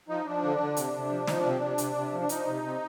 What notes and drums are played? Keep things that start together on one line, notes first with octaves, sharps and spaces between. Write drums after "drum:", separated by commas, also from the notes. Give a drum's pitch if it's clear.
F3 D#4
F3 D4
D3
D3
C3, drum: hi-hat
C3
F3
F3 D#4, drum: snare
D4
C3 C4
C3 D4
C3, drum: hi-hat
C3
F3
D4
F3 D#4, drum: hi-hat
C3
C3